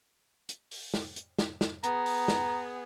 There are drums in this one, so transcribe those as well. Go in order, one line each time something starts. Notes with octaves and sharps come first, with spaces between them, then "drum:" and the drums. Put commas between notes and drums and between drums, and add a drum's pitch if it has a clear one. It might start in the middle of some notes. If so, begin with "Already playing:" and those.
drum: hi-hat
drum: open hi-hat
drum: snare
drum: hi-hat
drum: snare
drum: snare
B3 G#4 A#5, drum: hi-hat
drum: open hi-hat
drum: snare